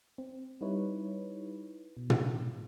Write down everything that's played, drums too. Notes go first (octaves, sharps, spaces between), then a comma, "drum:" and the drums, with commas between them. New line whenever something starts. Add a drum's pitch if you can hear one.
C4
G3 D#4 E4 B4 C#5
B2
drum: tom